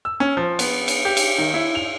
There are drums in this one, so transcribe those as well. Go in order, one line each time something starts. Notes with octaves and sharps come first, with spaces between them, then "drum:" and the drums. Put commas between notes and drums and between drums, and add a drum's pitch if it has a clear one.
E6
C#4
F3
B3, drum: cymbal
drum: cymbal
G4
drum: cymbal
D#3
E4
F7